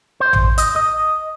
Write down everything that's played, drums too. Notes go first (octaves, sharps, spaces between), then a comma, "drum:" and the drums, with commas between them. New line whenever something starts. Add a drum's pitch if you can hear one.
C5
drum: tom A1
D#5, drum: hi-hat
D#5